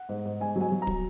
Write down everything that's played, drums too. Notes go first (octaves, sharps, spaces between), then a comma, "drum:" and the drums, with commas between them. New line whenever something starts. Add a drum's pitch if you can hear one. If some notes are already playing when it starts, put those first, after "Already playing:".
Already playing: F#5
G#2
G#2
G#2 G#5
F#3
G#5
F#3
A#5
F#3, drum: kick